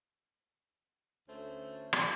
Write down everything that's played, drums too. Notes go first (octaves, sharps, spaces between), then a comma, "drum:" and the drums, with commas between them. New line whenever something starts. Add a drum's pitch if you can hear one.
D2 A3 C#4 C5
drum: rim click